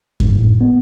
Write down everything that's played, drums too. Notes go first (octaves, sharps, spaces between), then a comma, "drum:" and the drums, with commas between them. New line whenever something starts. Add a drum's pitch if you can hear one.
G#2, drum: kick F#2
A2
B3